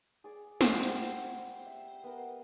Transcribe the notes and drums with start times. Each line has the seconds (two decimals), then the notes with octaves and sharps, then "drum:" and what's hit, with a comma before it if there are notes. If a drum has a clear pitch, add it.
0.24 G#4 D5
0.61 G3 C5 F#5, drum: snare
0.83 drum: hi-hat
1.66 E5
2.04 B3 A#4